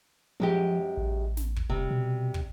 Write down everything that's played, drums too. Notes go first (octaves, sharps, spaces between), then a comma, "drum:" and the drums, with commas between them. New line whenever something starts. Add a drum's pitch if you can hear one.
F#2 F3 G#3 G4
A1
drum: snare
drum: kick
E1 C3 G3
B2
drum: kick